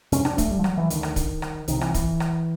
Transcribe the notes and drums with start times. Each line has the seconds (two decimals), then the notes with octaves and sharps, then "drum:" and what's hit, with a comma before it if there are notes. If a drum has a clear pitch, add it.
0.12 F2 C3 C#4, drum: hi-hat
0.25 D4, drum: rim click
0.38 A3, drum: kick, hi-hat
0.51 G3
0.59 F3
0.64 F#3, drum: rim click
0.77 E3
0.90 D2 D3 D#3, drum: hi-hat
1.03 drum: rim click
1.16 drum: kick, hi-hat
1.42 drum: rim click
1.68 C2 C3 D#3, drum: hi-hat
1.81 E3, drum: rim click
1.94 E3, drum: kick, hi-hat
2.20 drum: rim click